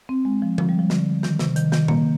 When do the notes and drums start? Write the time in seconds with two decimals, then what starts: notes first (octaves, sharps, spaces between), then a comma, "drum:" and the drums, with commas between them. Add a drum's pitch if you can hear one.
0.09 C4
0.25 G#3
0.42 F3
0.58 F3, drum: tom D3
0.69 G3
0.79 F3
0.90 D3, drum: snare
1.23 D#3, drum: snare
1.39 C3, drum: snare
1.56 D#3, drum: hi-hat
1.72 D#3, drum: snare
1.88 A#3, drum: tom A#2